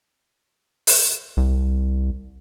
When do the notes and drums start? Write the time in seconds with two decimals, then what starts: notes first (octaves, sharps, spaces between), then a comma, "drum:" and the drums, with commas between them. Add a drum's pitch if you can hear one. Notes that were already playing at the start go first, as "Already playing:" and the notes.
0.87 drum: open hi-hat
1.37 C2